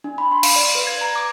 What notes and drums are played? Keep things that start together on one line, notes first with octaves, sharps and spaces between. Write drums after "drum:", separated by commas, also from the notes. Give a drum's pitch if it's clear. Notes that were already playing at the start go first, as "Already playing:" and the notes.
D4
B5
C6
F5, drum: cymbal
D5
B4
G#6
A#5
D6